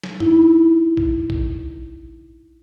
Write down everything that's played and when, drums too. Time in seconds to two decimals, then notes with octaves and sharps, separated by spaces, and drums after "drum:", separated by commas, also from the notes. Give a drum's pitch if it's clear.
0.03 drum: snare
0.20 D#4 E4, drum: tom F#2
0.97 drum: kick A#1
1.30 drum: kick A#1